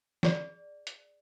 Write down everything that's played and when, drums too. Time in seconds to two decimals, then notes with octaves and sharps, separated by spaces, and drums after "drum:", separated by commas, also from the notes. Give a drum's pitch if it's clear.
0.23 G#4 D5, drum: snare
0.87 drum: hi-hat